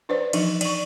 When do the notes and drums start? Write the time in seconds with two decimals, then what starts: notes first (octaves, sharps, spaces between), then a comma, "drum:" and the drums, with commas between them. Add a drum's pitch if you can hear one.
0.09 D4 B4 C5 D5
0.33 E3 F3 D4 D#4, drum: cymbal
0.61 D5 C#6, drum: cymbal